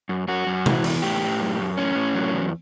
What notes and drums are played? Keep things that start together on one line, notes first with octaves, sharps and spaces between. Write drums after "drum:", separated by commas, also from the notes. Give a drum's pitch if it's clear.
F#2
F#2 F#4
F#2
E3, drum: tom C3
E2, drum: open hi-hat
A2 G4
A2
F#2
F#2
A2 C#4
A2
F#3
E2